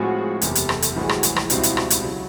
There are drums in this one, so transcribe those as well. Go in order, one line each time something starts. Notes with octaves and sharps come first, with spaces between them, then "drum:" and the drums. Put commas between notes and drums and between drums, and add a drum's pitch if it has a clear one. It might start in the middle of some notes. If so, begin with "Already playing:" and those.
Already playing: A2 F3 G#3 C4 F4 F#4 G#4
F#1 E2 C3 G4 A4, drum: hi-hat
drum: hi-hat
drum: rim click
drum: hi-hat
A#1 A2 E3 G3 F#4 G#4
drum: rim click
drum: hi-hat
drum: rim click
C#2 B2 G3 C4 D#4 E4 F#4, drum: hi-hat
drum: hi-hat
drum: rim click
drum: hi-hat
C#3 F#3